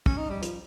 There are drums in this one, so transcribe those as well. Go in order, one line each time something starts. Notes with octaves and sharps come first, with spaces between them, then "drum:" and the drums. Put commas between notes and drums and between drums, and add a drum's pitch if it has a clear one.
C#4, drum: kick
D#4
G3
F3, drum: hi-hat